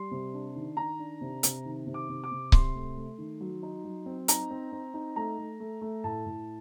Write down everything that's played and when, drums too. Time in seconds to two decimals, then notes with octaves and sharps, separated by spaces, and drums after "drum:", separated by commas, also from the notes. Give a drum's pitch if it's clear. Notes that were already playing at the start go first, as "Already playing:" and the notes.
Already playing: G3 C6
0.11 C3
0.34 D4
0.56 D#3
0.77 D#3 A#5
0.99 D4
1.21 C3
1.43 C3, drum: hi-hat
1.65 D#3
1.87 C3
1.94 D6
2.09 C3
2.24 D6
2.31 C3
2.52 C3 C6, drum: kick C#1
2.75 A3
2.96 A3
3.18 D#3
3.41 F#3
3.63 D#4
3.84 F#3
4.06 C4
4.28 D#4 A#5, drum: hi-hat
4.51 C4
4.72 C4
4.94 D#4
5.16 A3 A#5
5.38 A3
5.60 A3
5.81 A3
6.04 A2 A5
6.26 A2